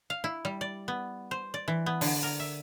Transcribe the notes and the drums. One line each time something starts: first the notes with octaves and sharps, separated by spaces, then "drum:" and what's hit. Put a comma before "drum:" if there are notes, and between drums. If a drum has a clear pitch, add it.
F5
E4
G3
D5
B3
C5
D5
E3
B3
D3, drum: open hi-hat
A#4
E5